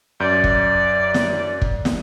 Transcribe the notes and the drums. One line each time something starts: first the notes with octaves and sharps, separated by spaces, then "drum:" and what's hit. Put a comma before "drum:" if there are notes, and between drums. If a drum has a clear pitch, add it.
F#2 D5 G6
drum: kick
drum: snare
drum: kick
drum: snare